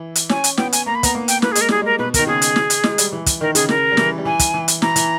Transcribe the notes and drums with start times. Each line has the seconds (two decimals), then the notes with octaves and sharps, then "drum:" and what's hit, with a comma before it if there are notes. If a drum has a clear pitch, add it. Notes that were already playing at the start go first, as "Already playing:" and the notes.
Already playing: E3
0.15 drum: hi-hat
0.29 C#4 G#5, drum: snare
0.44 drum: hi-hat
0.57 B3 G5, drum: snare
0.73 G#5, drum: hi-hat
0.86 A#3 A#5
0.95 B5
1.03 B3 A#5, drum: kick, hi-hat
1.15 A#3
1.28 G5, drum: hi-hat
1.42 A#3 B4, drum: snare
1.52 G#4
1.55 G#3, drum: hi-hat
1.61 A#4
1.69 G3 G#4, drum: snare
1.82 G#3 A#4
1.99 B2 B4
2.14 D#3 A#4, drum: kick, hi-hat
2.27 C#3 G#4
2.42 drum: hi-hat
2.56 drum: snare
2.70 drum: hi-hat
2.84 G#3, drum: snare
2.98 G3, drum: hi-hat
3.13 E3
3.26 drum: kick, hi-hat
3.41 D#3 A#4
3.55 C#3 G#4, drum: hi-hat
3.69 C#3 A#4, drum: snare
3.92 G3
3.97 E3, drum: snare
4.18 G3
4.25 E3 G#5
4.39 drum: kick, hi-hat
4.54 E3
4.68 drum: hi-hat
4.82 E3 A#5, drum: snare
4.96 E3, drum: hi-hat